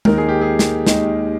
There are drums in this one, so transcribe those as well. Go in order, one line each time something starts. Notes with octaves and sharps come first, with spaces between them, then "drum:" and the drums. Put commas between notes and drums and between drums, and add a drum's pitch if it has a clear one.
D#2 D#3 G#3 D#4 A#4, drum: tom G#3
G#4
G4
G#4
drum: snare
D#2 D#3 G#3 D#4, drum: snare